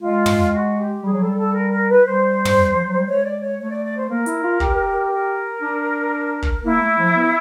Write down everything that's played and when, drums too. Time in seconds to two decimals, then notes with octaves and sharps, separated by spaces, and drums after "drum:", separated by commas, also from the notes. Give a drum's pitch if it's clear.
0.01 G#3 F4
0.26 drum: tom
0.52 F#4
0.78 G4
1.03 G3 G#4
1.13 F#3
1.20 G3 A4
1.37 A4
1.54 A#4
1.71 A#4
1.89 B4
2.05 G3 C5
2.45 drum: tom
2.72 F3
2.84 F#3
2.95 G3
3.07 G#3 C#5
3.24 D5
3.41 C#5
3.58 A3 C#5
3.71 D5
3.83 D5
3.97 C5
4.10 A#3 A#4
4.26 E4, drum: hi-hat
4.43 F4
4.60 G4, drum: kick
5.11 A#4
5.62 D4
6.42 drum: kick
6.64 A#3 E4
6.81 A3
6.99 F3
7.15 B3